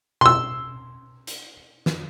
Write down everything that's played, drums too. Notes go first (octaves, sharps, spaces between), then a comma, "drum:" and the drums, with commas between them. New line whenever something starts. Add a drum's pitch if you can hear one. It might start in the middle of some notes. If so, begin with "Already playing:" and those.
C6 E6, drum: tom B2
drum: hi-hat
drum: snare